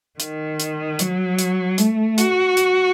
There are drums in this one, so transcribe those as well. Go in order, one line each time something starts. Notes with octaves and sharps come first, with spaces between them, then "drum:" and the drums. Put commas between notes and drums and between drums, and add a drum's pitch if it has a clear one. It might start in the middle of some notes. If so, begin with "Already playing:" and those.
D#3, drum: hi-hat
drum: hi-hat
F#3, drum: hi-hat
drum: hi-hat
A3, drum: hi-hat
F#4, drum: hi-hat
drum: hi-hat